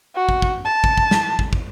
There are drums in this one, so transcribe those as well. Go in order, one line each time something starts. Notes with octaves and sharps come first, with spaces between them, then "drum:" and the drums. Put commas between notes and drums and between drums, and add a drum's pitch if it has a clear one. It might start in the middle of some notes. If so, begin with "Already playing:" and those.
F#4
drum: kick
drum: kick
A5
drum: kick
drum: kick
drum: snare
drum: kick
drum: kick